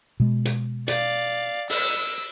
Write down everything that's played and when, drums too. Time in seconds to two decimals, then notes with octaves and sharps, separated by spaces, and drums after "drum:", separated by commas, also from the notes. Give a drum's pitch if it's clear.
0.20 B2 G#3
0.45 drum: hi-hat
0.88 D5 F5, drum: hi-hat
1.70 E6, drum: open hi-hat